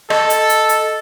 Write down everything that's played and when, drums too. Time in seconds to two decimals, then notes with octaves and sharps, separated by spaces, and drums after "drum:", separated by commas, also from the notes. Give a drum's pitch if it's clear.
0.10 A4 D#5, drum: rim click
0.30 drum: hi-hat
0.49 drum: hi-hat
0.69 drum: hi-hat